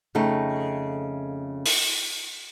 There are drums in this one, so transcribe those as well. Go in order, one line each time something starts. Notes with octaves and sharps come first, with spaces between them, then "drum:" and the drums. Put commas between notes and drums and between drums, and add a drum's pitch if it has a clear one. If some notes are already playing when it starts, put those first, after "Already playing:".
F2 C#3 A3 D#4 G5
drum: open hi-hat